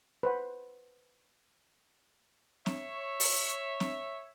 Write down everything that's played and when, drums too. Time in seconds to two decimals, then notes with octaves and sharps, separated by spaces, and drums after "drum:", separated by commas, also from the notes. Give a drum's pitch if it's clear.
0.23 B4 C5 F#5
2.66 C#5 E5, drum: snare C4
3.20 drum: open hi-hat
3.80 drum: snare C4